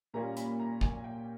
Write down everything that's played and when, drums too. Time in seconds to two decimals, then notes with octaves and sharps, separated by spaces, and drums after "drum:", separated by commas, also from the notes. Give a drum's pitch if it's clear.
0.14 A#2 G3 A#3 C#4 F4 A#5
0.37 B5, drum: hi-hat
0.60 A#5
0.81 G#5, drum: kick
1.04 G5